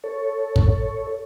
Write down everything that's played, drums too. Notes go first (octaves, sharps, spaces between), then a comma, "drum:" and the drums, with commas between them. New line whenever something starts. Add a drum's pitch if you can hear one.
A4 C#5
drum: kick